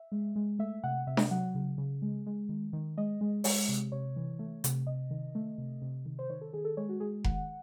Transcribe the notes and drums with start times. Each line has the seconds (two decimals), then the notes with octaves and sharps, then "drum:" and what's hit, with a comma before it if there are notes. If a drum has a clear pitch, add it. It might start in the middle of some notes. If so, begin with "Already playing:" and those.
Already playing: E5
0.12 G#3
0.36 G#3
0.59 A3 E5
0.84 C3 F#5
1.07 C3 E5
1.17 drum: snare D4
1.31 F#3 F#5
1.55 C#3
1.78 C#3
2.02 G#3
2.26 G#3
2.49 D#3
2.73 D#3
2.98 G#3 D#5
3.21 G#3
3.44 G#3 C#5, drum: open hi-hat
3.69 C3
3.92 C3 C#5
4.16 E3
4.39 A3
4.64 C3, drum: hi-hat
4.87 C3 D#5
5.11 D#3
5.35 A3
5.58 C3
5.82 C3
6.06 D#3
6.19 C5
6.30 D#3 C#5
6.41 A4
6.53 D#3 G#4
6.65 A4
6.77 G#3 C#5
6.89 F#4
7.00 G#3 G#4
7.24 D#3 F#5, drum: kick F1